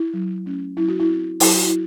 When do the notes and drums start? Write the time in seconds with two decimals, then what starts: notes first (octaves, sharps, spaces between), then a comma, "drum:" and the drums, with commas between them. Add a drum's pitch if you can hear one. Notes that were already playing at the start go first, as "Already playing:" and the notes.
Already playing: E4
0.13 F#3
0.45 A3 C#4
0.77 F#3 E4
0.88 F#4
1.00 E4
1.09 C4
1.40 F#3 E4, drum: open hi-hat
1.54 F#4
1.67 E4